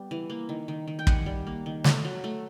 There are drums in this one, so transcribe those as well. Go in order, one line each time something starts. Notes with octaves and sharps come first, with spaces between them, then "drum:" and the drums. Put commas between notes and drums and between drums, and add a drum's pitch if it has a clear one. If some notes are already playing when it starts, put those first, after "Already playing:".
Already playing: G3 B3
E3
A#3
D#3
D#3
D#3
G5
G3 F#5 G#5, drum: kick
G3
A#3
D#3
A3, drum: snare
F#3
A3